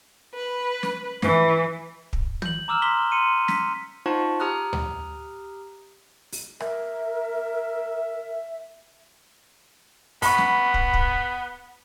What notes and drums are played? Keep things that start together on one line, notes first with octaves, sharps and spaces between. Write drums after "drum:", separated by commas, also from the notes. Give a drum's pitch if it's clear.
B4
drum: snare
E3, drum: snare
drum: kick
G6 F#7, drum: tom
A#5 D6 E6 F6 E7
C6 D6 E6 B6 G7
C6 C#7 D#7
B6, drum: snare
D#4 F4 C5 F#5 A5 C#6
G4 A#5 D#6 F6 F#6
drum: tom D2
drum: open hi-hat
A#4 E5, drum: rim click
B3 B5 C#6, drum: open hi-hat
drum: snare
drum: kick
drum: kick